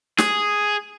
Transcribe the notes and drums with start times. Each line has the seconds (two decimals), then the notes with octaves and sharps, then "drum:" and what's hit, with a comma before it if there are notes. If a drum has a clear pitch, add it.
0.18 G#4, drum: snare